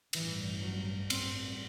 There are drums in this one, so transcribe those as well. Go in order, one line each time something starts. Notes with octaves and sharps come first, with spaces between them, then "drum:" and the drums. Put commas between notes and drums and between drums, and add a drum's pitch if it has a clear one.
A1 G2 E3, drum: cymbal
F#3
A1 G2 C4, drum: cymbal